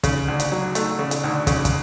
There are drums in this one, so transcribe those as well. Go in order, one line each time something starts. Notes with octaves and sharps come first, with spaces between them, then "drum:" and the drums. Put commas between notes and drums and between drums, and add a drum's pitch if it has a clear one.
C#3, drum: kick, hi-hat
D2
drum: hi-hat
F#3
A3, drum: hi-hat
C#3
drum: hi-hat
D2
C#3, drum: kick, hi-hat
drum: kick, hi-hat